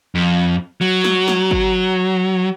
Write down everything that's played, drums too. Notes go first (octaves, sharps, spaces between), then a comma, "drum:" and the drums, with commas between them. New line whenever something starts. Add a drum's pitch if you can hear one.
F2
F#3
drum: snare
drum: snare
drum: kick G1